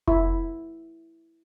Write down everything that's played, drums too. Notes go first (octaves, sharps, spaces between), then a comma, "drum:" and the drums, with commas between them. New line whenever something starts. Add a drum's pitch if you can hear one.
E4, drum: kick F1